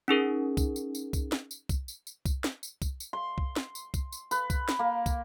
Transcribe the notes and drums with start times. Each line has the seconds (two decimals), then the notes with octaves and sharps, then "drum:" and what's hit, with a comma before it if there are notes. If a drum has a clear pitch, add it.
0.08 C#4 D#4 G#4 A#4
0.57 drum: kick, tambourine
0.76 drum: tambourine
0.95 drum: tambourine
1.13 drum: kick, tambourine
1.32 drum: snare
1.51 drum: tambourine
1.69 drum: kick, tambourine
1.88 drum: tambourine
2.07 drum: tambourine
2.26 drum: kick, tambourine
2.44 drum: snare
2.63 drum: tambourine
2.82 drum: kick, tambourine
3.00 drum: tambourine
3.13 C6
3.38 drum: kick
3.56 drum: snare
3.75 drum: tambourine
3.94 drum: kick, tambourine
4.12 drum: tambourine
4.31 B4, drum: tambourine
4.50 drum: kick, tambourine
4.69 drum: snare
4.79 A#3
5.06 drum: kick, tambourine